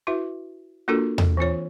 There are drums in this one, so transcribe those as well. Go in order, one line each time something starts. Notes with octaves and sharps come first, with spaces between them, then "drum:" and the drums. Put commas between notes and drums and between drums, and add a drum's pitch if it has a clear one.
E4 F#4 B4 E5
A#3 D4 F4 F#4 A4 A#4
A4, drum: tom E2
E3 C4 F4 C#5